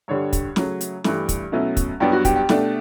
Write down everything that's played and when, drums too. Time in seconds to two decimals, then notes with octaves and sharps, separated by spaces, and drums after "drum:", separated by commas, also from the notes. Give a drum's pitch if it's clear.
0.08 G2 D3 G3 C#5
0.33 drum: kick, hi-hat
0.56 C#3 F#3 A3, drum: snare
0.81 drum: hi-hat
1.04 G2 E3 A3, drum: snare
1.29 drum: kick, hi-hat
1.52 B2 F#3 A3 C#4 E4
1.77 drum: kick, hi-hat
2.00 G2 F#3 B3 D4 G4
2.12 F#4
2.25 G4, drum: kick, hi-hat
2.36 G4
2.49 B2 A3 D4, drum: snare